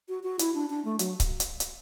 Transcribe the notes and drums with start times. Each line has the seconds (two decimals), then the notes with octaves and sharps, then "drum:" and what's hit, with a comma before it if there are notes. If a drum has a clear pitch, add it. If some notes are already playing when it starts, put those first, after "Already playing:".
0.09 F#4
0.23 F#4
0.39 E4, drum: hi-hat
0.55 D4
0.70 D4
0.85 A3
0.99 F#3, drum: hi-hat
1.20 drum: kick C#1, hi-hat
1.40 drum: hi-hat
1.60 drum: hi-hat